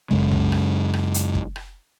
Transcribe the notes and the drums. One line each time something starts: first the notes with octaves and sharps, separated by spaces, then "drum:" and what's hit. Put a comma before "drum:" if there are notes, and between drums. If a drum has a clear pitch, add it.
F#2 C#3 G#3, drum: kick
drum: tom C2
drum: rim click
drum: rim click
drum: hi-hat
drum: kick
drum: rim click